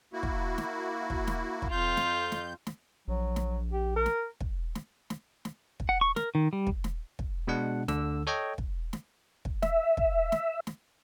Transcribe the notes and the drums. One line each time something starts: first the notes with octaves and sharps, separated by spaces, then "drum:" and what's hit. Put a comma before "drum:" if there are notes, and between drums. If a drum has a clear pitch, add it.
A#3 E4 F#4
drum: kick
drum: snare
drum: kick
drum: snare
drum: kick
F2 F4 G6
drum: snare
drum: snare
drum: snare
A#1 F#3
drum: snare
G4
A#4
drum: snare
drum: kick
drum: snare
drum: snare
drum: snare
drum: kick
F#5
C#6
A#4, drum: snare
D#3
G3
drum: kick
drum: snare
drum: kick
B2 G#3 D4 F#5
D2 D3 E6, drum: snare
A4 C#5 D#5 G5
drum: kick
drum: snare
drum: kick
E5, drum: snare
drum: kick
drum: snare
drum: snare